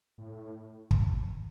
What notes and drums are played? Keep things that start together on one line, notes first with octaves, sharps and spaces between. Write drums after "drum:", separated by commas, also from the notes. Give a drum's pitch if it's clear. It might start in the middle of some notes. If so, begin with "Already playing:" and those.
A2
drum: kick